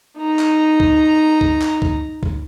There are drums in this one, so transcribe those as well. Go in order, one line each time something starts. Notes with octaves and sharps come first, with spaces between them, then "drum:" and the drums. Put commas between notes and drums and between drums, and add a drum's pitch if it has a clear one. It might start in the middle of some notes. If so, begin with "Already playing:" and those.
D#4 A#5
drum: clap
drum: kick
drum: kick
drum: clap
drum: kick
drum: kick